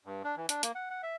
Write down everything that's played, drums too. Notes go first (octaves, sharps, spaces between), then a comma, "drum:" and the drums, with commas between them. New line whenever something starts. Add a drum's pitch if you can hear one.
G2
D4
E3
D4, drum: hi-hat
A#3, drum: hi-hat
F#5
F#5
E5